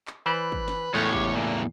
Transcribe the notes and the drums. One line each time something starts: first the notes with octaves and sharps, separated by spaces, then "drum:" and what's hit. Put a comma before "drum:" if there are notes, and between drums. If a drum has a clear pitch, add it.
drum: clap
E3 B4 C5 D5
drum: kick
drum: snare
E2 A2 G#3 A3 C#4 C#5
G4, drum: kick
A#2 E3 A#3